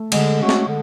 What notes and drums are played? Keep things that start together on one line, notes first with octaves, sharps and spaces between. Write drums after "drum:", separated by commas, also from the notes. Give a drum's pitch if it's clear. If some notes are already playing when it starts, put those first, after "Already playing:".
Already playing: A3
D3 G#3, drum: cymbal
A3 C#4 F#4 C#5
drum: snare
D3